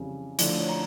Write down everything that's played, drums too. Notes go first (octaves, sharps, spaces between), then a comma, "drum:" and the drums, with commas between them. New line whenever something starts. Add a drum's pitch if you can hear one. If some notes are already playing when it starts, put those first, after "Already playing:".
Already playing: F2 C#3 E3 G3
D3 F3 A3 E4 D5, drum: hi-hat
C#5
A#5